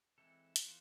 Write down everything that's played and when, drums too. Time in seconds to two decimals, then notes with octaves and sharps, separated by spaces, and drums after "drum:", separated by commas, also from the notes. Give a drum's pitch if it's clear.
0.18 E3 G#3 C4 E4 A4
0.56 E3 B3 F4 A4 C5, drum: hi-hat